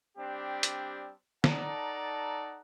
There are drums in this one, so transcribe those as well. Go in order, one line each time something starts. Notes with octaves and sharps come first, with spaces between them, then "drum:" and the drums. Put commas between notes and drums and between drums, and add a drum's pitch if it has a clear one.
G3 C4 D4 G4
drum: hi-hat
D#4 A4 D5 F#5 A5 A#5, drum: snare